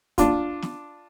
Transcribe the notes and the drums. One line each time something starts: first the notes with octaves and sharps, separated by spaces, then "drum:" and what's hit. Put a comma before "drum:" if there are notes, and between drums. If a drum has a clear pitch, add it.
D4 F4, drum: kick, hi-hat
drum: snare